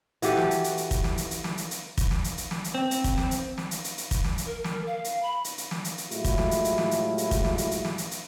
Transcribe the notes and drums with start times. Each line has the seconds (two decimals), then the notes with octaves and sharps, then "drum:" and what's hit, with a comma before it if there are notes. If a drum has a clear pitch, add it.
0.22 E3 F#4 G4 A4, drum: hi-hat
0.37 drum: snare
0.51 drum: hi-hat
0.64 drum: hi-hat
0.77 drum: hi-hat
0.91 drum: kick, hi-hat
1.04 drum: snare
1.17 drum: hi-hat
1.31 drum: hi-hat
1.44 drum: snare
1.58 drum: hi-hat
1.71 drum: hi-hat
1.98 drum: kick, hi-hat
2.11 drum: snare
2.24 drum: hi-hat
2.38 drum: hi-hat
2.51 drum: snare
2.64 drum: hi-hat
2.74 C4
2.91 drum: hi-hat
3.04 drum: kick, hi-hat
3.18 drum: snare
3.31 drum: hi-hat
3.58 drum: snare
3.71 drum: hi-hat
3.84 drum: hi-hat
3.98 drum: hi-hat
4.11 drum: kick, hi-hat
4.24 drum: snare
4.38 drum: hi-hat
4.47 A#4
4.64 drum: snare
4.87 F5
5.04 drum: hi-hat
5.22 B5
5.44 drum: hi-hat
5.58 drum: hi-hat
5.71 drum: snare
5.84 drum: hi-hat
5.98 drum: hi-hat
6.11 A2 F#3 G#3 E4 F4 G4, drum: hi-hat
6.24 drum: kick, hi-hat
6.38 drum: snare
6.51 drum: hi-hat
6.65 drum: hi-hat
6.78 drum: snare
6.91 drum: hi-hat
7.18 drum: hi-hat
7.31 drum: kick, hi-hat
7.45 drum: snare
7.58 drum: hi-hat
7.71 drum: hi-hat
7.85 drum: snare
7.98 drum: hi-hat
8.11 drum: hi-hat